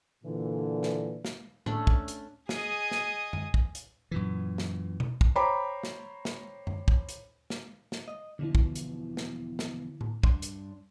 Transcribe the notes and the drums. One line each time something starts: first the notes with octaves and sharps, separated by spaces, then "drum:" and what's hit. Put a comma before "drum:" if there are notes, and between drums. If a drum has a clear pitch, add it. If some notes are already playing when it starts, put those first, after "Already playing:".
A#2 D3 E3
drum: snare
drum: snare
A3 C#4 D4, drum: tom A2
drum: kick
drum: hi-hat
G#4 D#5, drum: snare
drum: snare
drum: tom F#2
drum: kick
drum: hi-hat
F#2 A#2 E3
drum: snare
drum: tom B2
drum: kick
C5 C#5 G5 A#5 B5 D6
drum: snare
drum: snare
drum: tom F#2
drum: kick
drum: hi-hat
drum: snare
drum: snare
D#5
E2 B2 D3 F3 E4
drum: kick
drum: hi-hat
drum: snare
drum: snare
drum: tom A2
G2 D4 C6, drum: kick
drum: hi-hat